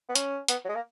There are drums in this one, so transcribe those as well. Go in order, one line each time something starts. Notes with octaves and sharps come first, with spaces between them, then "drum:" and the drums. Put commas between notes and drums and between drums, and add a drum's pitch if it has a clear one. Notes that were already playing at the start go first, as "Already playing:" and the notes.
B3
C#4, drum: hi-hat
B3, drum: hi-hat
F#3
G#3
A#3